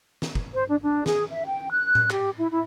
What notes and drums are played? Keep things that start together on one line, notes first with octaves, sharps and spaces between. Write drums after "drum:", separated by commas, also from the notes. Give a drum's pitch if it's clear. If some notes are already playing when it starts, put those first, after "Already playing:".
drum: snare
drum: kick
C5
D4
D4
G#4, drum: snare
E5
G5
F#6
drum: tom A2
G4, drum: clap
E4
E4